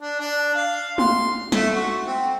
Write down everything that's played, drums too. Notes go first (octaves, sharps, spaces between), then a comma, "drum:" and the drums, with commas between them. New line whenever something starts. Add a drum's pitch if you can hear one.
D4
D4
F5
C6, drum: tom G#3
A3, drum: snare
F#4
C4